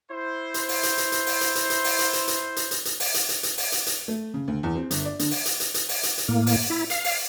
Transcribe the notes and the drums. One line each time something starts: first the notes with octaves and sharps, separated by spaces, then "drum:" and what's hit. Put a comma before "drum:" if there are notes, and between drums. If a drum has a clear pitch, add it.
E4 C5
drum: hi-hat
drum: open hi-hat
drum: hi-hat
drum: hi-hat
drum: hi-hat
drum: open hi-hat
drum: hi-hat
drum: hi-hat
drum: hi-hat
drum: open hi-hat
drum: hi-hat
drum: hi-hat
drum: hi-hat
drum: hi-hat
drum: hi-hat
drum: hi-hat
drum: open hi-hat
drum: hi-hat
drum: hi-hat
drum: hi-hat
drum: open hi-hat
drum: hi-hat
drum: hi-hat
A3
C#3
D2
E2
C4
G1, drum: hi-hat
D5
D3, drum: hi-hat
drum: open hi-hat
drum: hi-hat
drum: hi-hat
drum: hi-hat
drum: open hi-hat
drum: hi-hat
drum: hi-hat
A2 A#3
drum: open hi-hat
E4
F5, drum: hi-hat
drum: open hi-hat